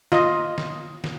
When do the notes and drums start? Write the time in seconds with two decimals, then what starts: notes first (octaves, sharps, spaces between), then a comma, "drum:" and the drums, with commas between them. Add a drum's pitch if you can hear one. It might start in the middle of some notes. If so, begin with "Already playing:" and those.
0.12 F4 D#5, drum: snare
0.58 drum: snare
1.04 drum: snare